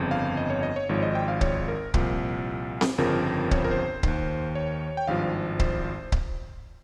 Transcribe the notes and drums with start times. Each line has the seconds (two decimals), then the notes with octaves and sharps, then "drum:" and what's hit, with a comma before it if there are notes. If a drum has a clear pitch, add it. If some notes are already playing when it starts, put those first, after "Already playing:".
Already playing: G1 F2 C#3
0.11 F5
0.37 D#5
0.50 C#5
0.63 D#5
0.76 C#5
0.89 G#1 G#2 F3 C#5
1.02 D#5
1.15 G5
1.28 F5
1.41 C#5, drum: kick C#1
1.68 A#4
1.94 C2 A#2 F3, drum: kick C#1
2.81 drum: snare C4
2.98 G1 F2 C#3 F3 A#4
3.51 C#5, drum: kick C#1
3.58 C5
3.64 A#4
3.71 C5
4.03 D#2 D#3, drum: kick C#1
4.55 C#5
4.97 G5
5.07 G#1 G2 F3 F5
5.60 C5, drum: kick C#1
6.12 drum: kick C#1